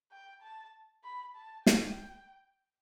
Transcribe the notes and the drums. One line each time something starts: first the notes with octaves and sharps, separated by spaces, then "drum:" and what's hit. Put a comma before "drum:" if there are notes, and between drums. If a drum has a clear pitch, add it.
G5
A5
B5
A5
G5, drum: snare